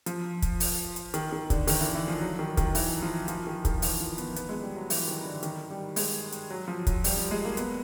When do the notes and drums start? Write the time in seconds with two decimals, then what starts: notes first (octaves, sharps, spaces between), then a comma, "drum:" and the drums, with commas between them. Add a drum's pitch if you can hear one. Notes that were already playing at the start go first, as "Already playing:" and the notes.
0.06 F3, drum: hi-hat
0.42 drum: kick, hi-hat
0.60 drum: open hi-hat
0.96 drum: hi-hat
1.14 D#3, drum: hi-hat
1.32 D#3
1.50 D3, drum: kick, hi-hat
1.67 D#3, drum: open hi-hat
1.80 E3
1.95 E3
2.08 F3
2.21 F#3
2.39 D#3
2.57 D#3, drum: kick, hi-hat
2.75 E3, drum: open hi-hat
3.02 F3
3.28 F3, drum: hi-hat
3.47 D#3
3.65 D#3, drum: kick, hi-hat
3.82 E3, drum: open hi-hat
4.00 F3
4.18 B3, drum: hi-hat
4.36 B3, drum: hi-hat
4.49 G#3
4.62 G3
4.76 F#3
4.90 E3, drum: open hi-hat
5.08 D#3
5.25 D3
5.43 D#3, drum: hi-hat
5.70 G3
5.96 G#3, drum: open hi-hat
6.32 drum: hi-hat
6.50 F#3
6.68 F3
6.87 F#3, drum: kick, hi-hat
7.04 G3, drum: open hi-hat
7.17 G3
7.31 G#3
7.45 A#3
7.57 B3, drum: hi-hat